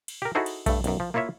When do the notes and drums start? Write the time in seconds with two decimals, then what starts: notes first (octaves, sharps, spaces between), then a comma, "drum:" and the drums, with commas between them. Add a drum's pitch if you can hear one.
0.08 drum: cymbal
0.22 G4 A#4
0.35 D#4 E4 F#4 G#4 A4 C5
0.46 drum: cymbal
0.66 G2 A3, drum: kick B1, cymbal
0.84 B1 F#2, drum: cymbal
1.00 F3
1.14 A#3 E4 F4 C#5 E5